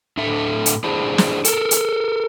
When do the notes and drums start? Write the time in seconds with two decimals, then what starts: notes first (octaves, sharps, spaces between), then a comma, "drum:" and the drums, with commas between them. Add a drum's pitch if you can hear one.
0.17 A2 D4 E4 A4 E5
0.66 drum: hi-hat
0.84 D4 E4 G#4 C5
1.18 drum: snare
1.45 A4 A#4, drum: hi-hat
1.71 drum: hi-hat